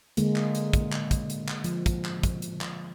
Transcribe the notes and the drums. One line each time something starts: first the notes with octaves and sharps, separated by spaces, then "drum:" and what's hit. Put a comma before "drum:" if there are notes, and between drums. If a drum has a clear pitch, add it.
D3 G#3 A#3, drum: hi-hat
drum: clap
drum: hi-hat
drum: kick, hi-hat
drum: clap
drum: kick, hi-hat
drum: hi-hat
drum: clap
F3, drum: hi-hat
drum: kick, hi-hat
drum: clap
drum: kick, hi-hat
drum: hi-hat
drum: clap